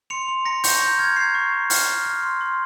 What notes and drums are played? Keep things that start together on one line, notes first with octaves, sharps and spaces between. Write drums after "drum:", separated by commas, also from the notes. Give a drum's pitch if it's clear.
C6 C#7 F7
C6
A#5 A#6 C#7
C#6 G6 A#6, drum: open hi-hat
A#5 G6
F6 G#6
A#5 G#6 C7
C#6
A#5
F6, drum: open hi-hat
F6
F6
C6
C6